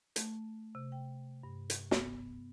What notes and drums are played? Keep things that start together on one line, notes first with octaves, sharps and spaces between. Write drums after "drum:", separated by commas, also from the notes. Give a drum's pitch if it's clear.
A3, drum: hi-hat
C3
G5
G2
drum: hi-hat
B3, drum: snare